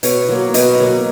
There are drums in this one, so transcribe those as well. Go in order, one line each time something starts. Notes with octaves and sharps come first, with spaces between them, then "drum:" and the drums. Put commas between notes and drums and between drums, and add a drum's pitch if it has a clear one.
B2 C#5, drum: hi-hat
F#3 A#3
B2 D#5, drum: hi-hat
F#3 A#3